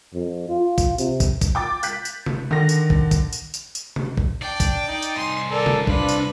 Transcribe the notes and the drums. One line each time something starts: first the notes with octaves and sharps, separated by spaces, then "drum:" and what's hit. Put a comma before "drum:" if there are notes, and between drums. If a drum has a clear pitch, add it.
F2
F4
drum: kick, tambourine
C3, drum: tambourine
drum: kick, tambourine
drum: kick, tambourine
G5 D6 A6
F#6 G6 B6, drum: tambourine
drum: tambourine
drum: tom C3
D3 D#3 A#6
drum: tambourine
drum: kick
drum: kick, tambourine
drum: tambourine
drum: tambourine
drum: tambourine
drum: tom C3
drum: kick
D4 D5 G5
drum: kick, tambourine
D#4
drum: tambourine
C2 G#5 C6
A4 A#4 D5
drum: tom C3
D4 F4 B4, drum: kick
drum: tambourine